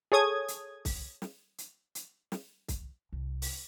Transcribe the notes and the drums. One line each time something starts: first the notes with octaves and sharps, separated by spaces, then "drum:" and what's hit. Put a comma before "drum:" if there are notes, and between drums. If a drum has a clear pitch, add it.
G#4 A4 C#5 D#6 G#6
drum: hi-hat
drum: kick C2, open hi-hat
drum: snare
drum: hi-hat
drum: hi-hat
drum: snare
drum: kick C2, hi-hat
C2
drum: open hi-hat